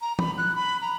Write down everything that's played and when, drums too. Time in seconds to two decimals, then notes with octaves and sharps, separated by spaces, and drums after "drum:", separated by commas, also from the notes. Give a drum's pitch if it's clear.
0.01 A#5
0.19 B5, drum: tom
0.38 F#6
0.56 B5
0.82 A#5